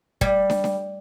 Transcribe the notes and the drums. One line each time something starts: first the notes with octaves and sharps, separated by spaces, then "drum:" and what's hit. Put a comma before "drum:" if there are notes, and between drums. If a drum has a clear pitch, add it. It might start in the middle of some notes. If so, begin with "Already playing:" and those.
G3, drum: kick
drum: snare
drum: snare